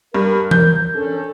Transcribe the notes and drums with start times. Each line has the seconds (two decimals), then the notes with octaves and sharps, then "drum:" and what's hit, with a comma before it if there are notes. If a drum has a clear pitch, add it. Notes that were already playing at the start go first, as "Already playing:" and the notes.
0.14 G2 A#4
0.51 G6, drum: tom E3
0.95 C#4 D4 A4